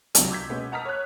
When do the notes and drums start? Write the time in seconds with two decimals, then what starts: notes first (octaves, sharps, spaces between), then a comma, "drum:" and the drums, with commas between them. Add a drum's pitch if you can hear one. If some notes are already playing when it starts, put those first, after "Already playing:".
0.15 C#2 C3 F#3, drum: hi-hat
0.30 D6 E6 G6 G#6 B6
0.49 B2 G#3 B3 C#4
0.72 F#5 A5 A#5 D#6 F6 B6
0.85 C#5 F#6